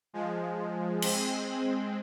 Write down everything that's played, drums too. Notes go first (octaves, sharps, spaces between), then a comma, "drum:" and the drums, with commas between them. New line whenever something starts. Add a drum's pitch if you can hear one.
F3 G#3
G#3 C4, drum: cymbal